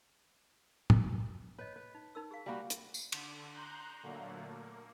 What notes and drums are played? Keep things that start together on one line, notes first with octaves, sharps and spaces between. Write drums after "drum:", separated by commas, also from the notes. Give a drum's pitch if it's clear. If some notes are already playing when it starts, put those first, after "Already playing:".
drum: tom
B4 C#5 D#5
B4
D#4
D#4 A#4 E6
G#4 F5
G3 A#3 F#4 G#5 B5
drum: hi-hat
drum: tambourine
D3, drum: cymbal
A#5 C6 F#6 G6
A#2 D3 F#3 A3 A#3
A#3